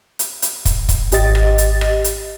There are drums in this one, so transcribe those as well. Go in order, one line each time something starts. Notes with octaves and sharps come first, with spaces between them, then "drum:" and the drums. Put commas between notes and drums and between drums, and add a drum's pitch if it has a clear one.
drum: hi-hat
drum: hi-hat
drum: kick, hi-hat
drum: kick, hi-hat
G#1 G4 D#5 A6, drum: hi-hat
drum: rim click
drum: hi-hat
drum: rim click
drum: hi-hat